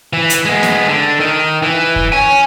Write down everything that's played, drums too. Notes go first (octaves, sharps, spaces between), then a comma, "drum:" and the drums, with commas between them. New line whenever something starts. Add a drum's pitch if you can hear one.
E3
drum: hi-hat
G#3 B3
drum: snare
D3
D#3
E3
drum: kick
C#5 G#5